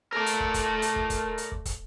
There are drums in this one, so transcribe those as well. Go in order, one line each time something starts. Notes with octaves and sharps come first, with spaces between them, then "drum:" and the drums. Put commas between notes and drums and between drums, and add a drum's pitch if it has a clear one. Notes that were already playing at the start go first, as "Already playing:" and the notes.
A3 A#4 D5
drum: hi-hat
drum: kick
drum: kick, hi-hat
drum: hi-hat
drum: kick
drum: kick, hi-hat
drum: hi-hat
drum: kick
drum: kick, hi-hat